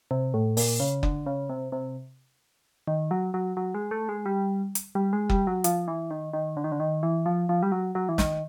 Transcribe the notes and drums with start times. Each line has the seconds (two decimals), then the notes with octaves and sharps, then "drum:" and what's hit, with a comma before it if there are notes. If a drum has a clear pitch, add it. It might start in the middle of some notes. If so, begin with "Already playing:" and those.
0.11 C3
0.34 A2
0.57 A#2, drum: open hi-hat
0.80 C#3
1.03 D3, drum: kick F#1
1.26 C#3
1.49 C3
1.72 C3
2.87 D#3
3.11 F#3
3.34 F#3
3.57 F#3
3.74 G#3
3.91 A3
4.09 G#3
4.26 G3
4.75 drum: hi-hat
4.95 G3
5.13 G#3
5.30 G3, drum: kick F#1
5.47 F#3
5.64 F3, drum: hi-hat
5.88 E3
6.11 D#3
6.33 D#3
6.57 D3
6.64 D#3
6.72 D3
6.80 D#3
7.03 E3
7.26 F3
7.49 F3
7.63 G3
7.72 F#3
7.95 F#3
8.09 E3
8.18 D#3, drum: snare